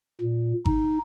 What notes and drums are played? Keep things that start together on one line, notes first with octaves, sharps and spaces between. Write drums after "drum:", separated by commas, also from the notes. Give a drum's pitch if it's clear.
A#2
D#4, drum: kick G#1